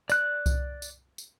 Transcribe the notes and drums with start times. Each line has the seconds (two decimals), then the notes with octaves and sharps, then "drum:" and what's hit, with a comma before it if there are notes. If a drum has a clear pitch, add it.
0.10 D5 F#6, drum: tambourine
0.46 drum: kick C2, tambourine
0.82 drum: tambourine
1.18 drum: tambourine